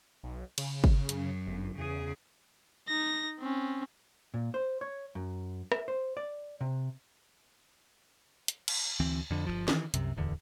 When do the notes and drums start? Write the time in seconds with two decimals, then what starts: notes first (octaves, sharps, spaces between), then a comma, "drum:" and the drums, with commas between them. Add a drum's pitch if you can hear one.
0.23 B1
0.58 C#3, drum: cymbal
0.84 drum: kick
1.09 F#2, drum: hi-hat
1.47 G1
1.78 E2 C#3 G#4
2.88 D#4 A#6
3.39 C4 C#4
4.34 A#2
4.54 C5
4.81 C#5
5.15 F#2
5.72 E5, drum: rim click
5.88 C5
6.17 D5
6.61 C3
8.48 drum: hi-hat
8.68 drum: cymbal
9.00 D2 E3 C4
9.31 F2 D3
9.47 G1 C2 F3
9.68 D#3 E3, drum: snare
9.94 C2 F#2 C3, drum: hi-hat
10.16 D1 E2 D3